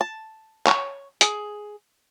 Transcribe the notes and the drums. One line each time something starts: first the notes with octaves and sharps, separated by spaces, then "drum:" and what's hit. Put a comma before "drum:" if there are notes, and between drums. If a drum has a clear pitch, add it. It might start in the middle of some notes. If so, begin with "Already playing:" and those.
A5
C#5, drum: clap
G#4, drum: hi-hat